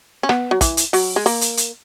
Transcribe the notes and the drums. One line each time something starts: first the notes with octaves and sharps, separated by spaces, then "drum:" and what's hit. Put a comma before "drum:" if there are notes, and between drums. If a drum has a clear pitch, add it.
C#4
B3, drum: rim click
F#3
E3, drum: kick, hi-hat
drum: hi-hat
F#3, drum: open hi-hat
G#3
A#3, drum: open hi-hat
drum: hi-hat
drum: hi-hat